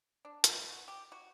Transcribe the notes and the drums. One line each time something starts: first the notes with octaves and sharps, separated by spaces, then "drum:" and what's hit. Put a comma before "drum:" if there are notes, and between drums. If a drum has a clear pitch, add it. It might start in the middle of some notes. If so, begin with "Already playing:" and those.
D4
drum: hi-hat
B3
F#4
G4
F#4